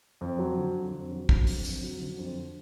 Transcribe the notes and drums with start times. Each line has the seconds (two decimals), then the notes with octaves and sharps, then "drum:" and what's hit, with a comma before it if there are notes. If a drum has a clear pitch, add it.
0.21 F2
0.39 F#3
0.57 D3
0.75 F2
0.92 F2
1.11 F#3
1.29 D3, drum: kick
1.47 F2, drum: open hi-hat
1.65 F2, drum: tambourine
1.83 F#3
2.01 D3
2.19 F2